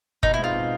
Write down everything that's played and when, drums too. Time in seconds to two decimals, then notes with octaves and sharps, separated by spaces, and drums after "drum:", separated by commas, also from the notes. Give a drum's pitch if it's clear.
0.23 B2 D#4, drum: kick F#1
0.34 E4
0.39 G#3 C4 D#4 F4
0.54 B2